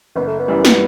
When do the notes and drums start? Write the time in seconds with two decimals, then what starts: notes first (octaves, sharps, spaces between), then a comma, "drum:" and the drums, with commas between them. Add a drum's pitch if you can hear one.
0.15 F#1 B3
0.27 A3
0.39 B3
0.48 F#2 E3 G3
0.65 drum: snare